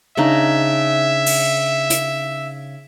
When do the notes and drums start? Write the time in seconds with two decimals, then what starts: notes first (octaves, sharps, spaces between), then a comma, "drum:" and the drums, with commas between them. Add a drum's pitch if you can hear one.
0.17 C#3 D4 D#4 E5
1.26 drum: open hi-hat
1.90 drum: hi-hat